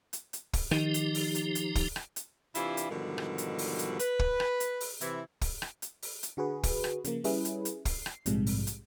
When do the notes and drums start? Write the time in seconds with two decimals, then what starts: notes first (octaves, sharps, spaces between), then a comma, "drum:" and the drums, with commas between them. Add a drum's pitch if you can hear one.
0.13 drum: hi-hat
0.33 drum: hi-hat
0.53 drum: kick, open hi-hat
0.71 D#3 F3 D#4 G4, drum: rim click
0.94 drum: hi-hat
1.14 drum: open hi-hat
1.35 drum: hi-hat
1.55 drum: hi-hat
1.75 drum: kick, open hi-hat
1.96 drum: rim click
2.16 drum: hi-hat
2.55 C3 E3 D4 E4 F4 G4, drum: hi-hat
2.77 drum: hi-hat
2.90 G#2 B2 D3 D#3 F3 G3
3.18 drum: rim click
3.38 drum: hi-hat
3.58 drum: open hi-hat
3.79 drum: hi-hat
3.99 B4, drum: hi-hat
4.19 drum: kick
4.40 drum: rim click
4.60 drum: hi-hat
4.80 drum: open hi-hat
5.01 C3 E3 E4, drum: hi-hat
5.41 drum: kick, open hi-hat
5.62 drum: rim click
5.82 drum: hi-hat
6.02 drum: open hi-hat
6.23 drum: hi-hat
6.37 D3 F#4 G#4 B4
6.63 drum: kick, open hi-hat
6.84 drum: rim click
7.04 C#3 F3 A#3, drum: hi-hat
7.24 G3 C#4 E4 G#4 B4, drum: open hi-hat
7.45 drum: hi-hat
7.65 drum: hi-hat
7.85 C7, drum: kick, open hi-hat
8.06 drum: rim click
8.26 A#1 G#2 C3 F3 G3 G#3, drum: hi-hat
8.46 drum: open hi-hat
8.67 drum: hi-hat